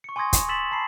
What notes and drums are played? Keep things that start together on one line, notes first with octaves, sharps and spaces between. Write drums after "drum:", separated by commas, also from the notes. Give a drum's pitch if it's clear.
C#6 C#7
G#5 C6 C#6 D#6 G#6 A#6
drum: kick, hi-hat
C6 E6 A6 B6 E7 F#7
A5 B5 C7